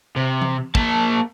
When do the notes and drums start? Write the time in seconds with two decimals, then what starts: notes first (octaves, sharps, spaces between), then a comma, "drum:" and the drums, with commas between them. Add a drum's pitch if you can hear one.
0.16 C3
0.42 drum: tom E3
0.75 A#3 A5, drum: kick